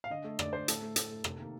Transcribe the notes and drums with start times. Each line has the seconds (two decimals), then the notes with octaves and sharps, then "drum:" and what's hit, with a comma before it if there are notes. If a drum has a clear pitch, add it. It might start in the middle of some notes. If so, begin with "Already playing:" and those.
0.04 F5
0.10 D3 D#5
0.24 A3
0.39 D3 D5, drum: rim click
0.53 A3 C5
0.68 A2 A4, drum: hi-hat
0.82 A3
0.96 A2 A4, drum: hi-hat
1.10 A3
1.24 C3, drum: rim click
1.39 D#3 A#3